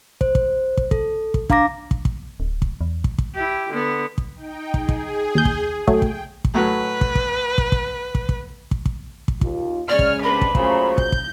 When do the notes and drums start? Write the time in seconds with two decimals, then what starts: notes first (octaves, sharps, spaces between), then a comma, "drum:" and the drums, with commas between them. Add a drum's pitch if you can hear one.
0.21 C5, drum: kick
0.35 drum: kick
0.77 drum: kick
0.91 A4, drum: kick
1.34 drum: kick
1.50 D4 F5 A#5 D6 A#6, drum: kick
1.91 drum: kick
2.05 drum: kick
2.40 D1
2.62 drum: kick
2.81 E2
3.04 drum: kick
3.18 drum: kick
3.35 E4 G4
3.69 D3 B3
4.18 drum: kick
4.35 D#4 G5
4.74 G#4, drum: kick
4.89 drum: kick
5.35 D#2 G6
5.45 drum: kick
5.87 F#3 A3 G5, drum: kick
6.02 drum: kick
6.45 drum: kick
6.55 A2 F#3 B4
7.01 drum: kick
7.15 drum: kick
7.58 drum: kick
7.72 drum: kick
8.15 drum: kick
8.29 drum: kick
8.71 drum: kick
8.86 drum: kick
9.28 drum: kick
9.41 D#2 F4, drum: kick
9.90 C#3 G#3 C#5 D5 G#5 F6
9.99 drum: kick
10.23 C3 D4 B4 B5
10.41 drum: kick
10.55 A#2 C#3 F#3 A3 F4 C5, drum: kick
10.98 G6, drum: kick
11.12 drum: kick